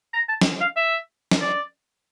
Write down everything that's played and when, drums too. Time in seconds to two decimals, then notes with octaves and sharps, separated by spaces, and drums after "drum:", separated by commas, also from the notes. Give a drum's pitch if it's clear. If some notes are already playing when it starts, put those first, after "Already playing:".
0.14 A#5
0.29 A5
0.41 drum: snare
0.61 F5
0.77 E5
1.31 drum: snare
1.41 D5